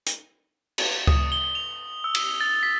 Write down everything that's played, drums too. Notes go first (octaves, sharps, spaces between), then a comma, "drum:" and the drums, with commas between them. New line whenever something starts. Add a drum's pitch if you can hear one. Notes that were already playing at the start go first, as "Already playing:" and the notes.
drum: hi-hat
drum: cymbal
D#6, drum: kick C#2
G7
F7
E6
drum: cymbal
A6
B6